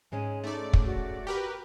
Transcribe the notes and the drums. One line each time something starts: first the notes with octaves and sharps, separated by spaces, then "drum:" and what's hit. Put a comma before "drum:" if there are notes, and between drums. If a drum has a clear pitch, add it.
G#2 G#3 C#4 G#5
A3 D#4 D5
drum: kick
F#4
G4 A#4 B4